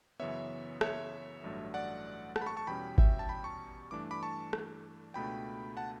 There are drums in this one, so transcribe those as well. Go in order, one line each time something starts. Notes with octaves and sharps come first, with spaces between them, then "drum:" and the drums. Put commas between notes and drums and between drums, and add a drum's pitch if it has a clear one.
F#2 C#3 E3 B3 C#5 E5
C#5 E5, drum: rim click
A1 G2 F#3 A3 D4
D5 F#5
F#5 A5, drum: rim click
B5
A5 C#6
A5 C#6
E2 B2 G3 C#4 G5 B5
E5 G5, drum: kick G#1
A5
G5 B5
A5 C#6
G2 E3 A3 D4 D6
B5 D6
A5 C#6
drum: rim click
C#2 B2 A3 D4 G5 B5
F#5 A5